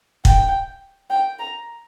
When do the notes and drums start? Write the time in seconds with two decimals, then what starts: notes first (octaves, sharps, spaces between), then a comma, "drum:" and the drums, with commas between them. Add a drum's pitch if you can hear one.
0.25 G5, drum: kick
1.10 G5
1.39 A#5